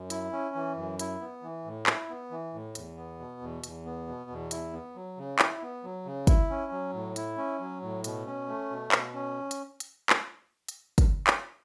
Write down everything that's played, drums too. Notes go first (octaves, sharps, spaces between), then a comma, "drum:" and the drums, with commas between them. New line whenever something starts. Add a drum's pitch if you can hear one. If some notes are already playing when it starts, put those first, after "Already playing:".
Already playing: F#2
E4, drum: hi-hat
C#4
E3
F#2
E4, drum: hi-hat
B3
E3
A2
E4, drum: clap
B3
E3
A2
E2, drum: hi-hat
B3
B2
E2
E2, drum: hi-hat
B3
B2
E2
E4, drum: hi-hat
B3
F#3
C#3
E4, drum: clap
B3
F#3
C#3
E4, drum: kick, hi-hat
C#4
F#3
A2
E4, drum: hi-hat
C#4
F#3
A2
B2, drum: hi-hat
C#4
A3
B2
B2, drum: clap
C#4
drum: hi-hat
drum: hi-hat
drum: clap
drum: hi-hat
drum: kick, hi-hat
drum: clap